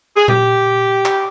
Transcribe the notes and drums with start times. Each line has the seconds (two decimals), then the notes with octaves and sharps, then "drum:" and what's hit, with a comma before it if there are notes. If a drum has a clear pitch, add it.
0.15 G#4
0.28 G4, drum: tom A#2
1.05 drum: clap